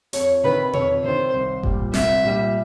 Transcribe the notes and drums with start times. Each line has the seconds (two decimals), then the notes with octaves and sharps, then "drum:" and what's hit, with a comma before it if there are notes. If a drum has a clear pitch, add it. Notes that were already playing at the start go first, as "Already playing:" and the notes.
0.13 F2 C#5, drum: hi-hat
0.43 C3 D#3 B4
0.73 F2 C#5, drum: tom B2
1.03 C3 D#3 C5
1.33 C2
1.63 A#2 G3, drum: kick F#1
1.94 C2 E5, drum: snare
2.24 A#2 G3